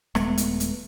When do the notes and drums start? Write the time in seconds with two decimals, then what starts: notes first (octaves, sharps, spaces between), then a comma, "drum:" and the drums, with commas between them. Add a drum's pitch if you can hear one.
0.15 D#1 G#3 A3 B3, drum: rim click
0.38 drum: hi-hat
0.60 drum: hi-hat